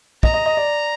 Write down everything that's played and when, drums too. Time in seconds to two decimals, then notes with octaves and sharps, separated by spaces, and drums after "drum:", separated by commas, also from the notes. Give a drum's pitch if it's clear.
0.23 D#5 A#5, drum: kick
0.34 D#5
0.46 D#5
0.57 D5